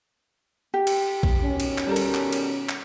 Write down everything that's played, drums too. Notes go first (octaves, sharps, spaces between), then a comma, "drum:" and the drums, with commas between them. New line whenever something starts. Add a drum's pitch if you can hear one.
G4
drum: cymbal
drum: kick A#1
B2 D#3 C#4
drum: cymbal
drum: clap
G3 A4 A#4
drum: cymbal
drum: clap
drum: cymbal
drum: clap